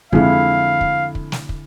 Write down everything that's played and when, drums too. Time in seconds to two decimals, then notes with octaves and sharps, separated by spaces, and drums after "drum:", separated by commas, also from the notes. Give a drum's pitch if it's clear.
0.13 F2 D3 G#3 E4 F5, drum: kick
0.81 drum: kick
1.15 drum: kick
1.32 drum: snare
1.49 drum: kick